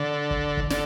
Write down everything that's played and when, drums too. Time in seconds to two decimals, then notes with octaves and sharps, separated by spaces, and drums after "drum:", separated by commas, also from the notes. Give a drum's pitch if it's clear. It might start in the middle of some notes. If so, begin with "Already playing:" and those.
Already playing: D3
0.31 drum: kick
0.57 drum: kick
0.70 D3, drum: snare